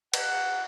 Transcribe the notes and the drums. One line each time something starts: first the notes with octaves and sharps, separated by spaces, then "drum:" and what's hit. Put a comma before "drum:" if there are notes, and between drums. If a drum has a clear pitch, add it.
F#5, drum: cymbal